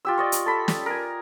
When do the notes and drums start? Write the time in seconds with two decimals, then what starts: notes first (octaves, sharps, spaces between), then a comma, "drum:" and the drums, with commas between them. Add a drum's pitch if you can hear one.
0.05 F4 G4 E6
0.18 D5 D#5 C#6
0.32 drum: hi-hat
0.46 A4 B5
0.68 drum: snare
0.86 A#4 G#5